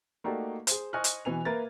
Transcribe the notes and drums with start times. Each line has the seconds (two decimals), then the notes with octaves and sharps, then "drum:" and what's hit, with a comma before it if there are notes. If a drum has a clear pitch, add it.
0.24 A3 A#3 D#4 F#4 G4 D5
0.67 G#4 C5, drum: hi-hat
0.93 C5 D#5 G#5 C#6 F6 F#6
1.04 drum: hi-hat
1.25 B2 E3 G#5 F7
1.45 A#3 A#4 B4 E5 G#6 A6